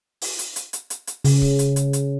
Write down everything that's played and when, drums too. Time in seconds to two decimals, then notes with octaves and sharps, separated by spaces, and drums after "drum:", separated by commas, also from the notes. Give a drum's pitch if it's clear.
0.21 drum: open hi-hat
0.39 drum: hi-hat
0.56 drum: hi-hat
0.73 drum: hi-hat
0.90 drum: hi-hat
1.07 drum: hi-hat
1.25 C#3, drum: open hi-hat
1.42 drum: kick C#1
1.59 drum: hi-hat
1.76 drum: hi-hat
1.93 drum: hi-hat